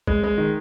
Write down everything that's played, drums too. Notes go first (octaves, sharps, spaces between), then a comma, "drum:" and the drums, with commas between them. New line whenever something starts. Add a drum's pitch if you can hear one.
G#3, drum: kick
G#3
D#3